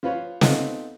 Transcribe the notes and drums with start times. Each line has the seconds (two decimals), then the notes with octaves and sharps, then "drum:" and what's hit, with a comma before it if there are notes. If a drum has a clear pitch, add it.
0.03 F3 F4 B4 C#5
0.41 B3 C4 D#4 F4 A4, drum: snare